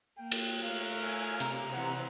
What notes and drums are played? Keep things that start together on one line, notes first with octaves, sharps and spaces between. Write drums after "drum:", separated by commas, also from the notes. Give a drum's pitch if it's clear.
A#3 G5
drum: cymbal
A3 A#4 F5
G#5 E6 G#6
C3 A#5, drum: hi-hat
E3 C4 F#5